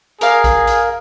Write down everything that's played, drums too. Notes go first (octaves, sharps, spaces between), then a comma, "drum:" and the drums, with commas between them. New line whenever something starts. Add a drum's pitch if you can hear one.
G#4 A#4 F5, drum: hi-hat
drum: kick A#1, hi-hat
drum: hi-hat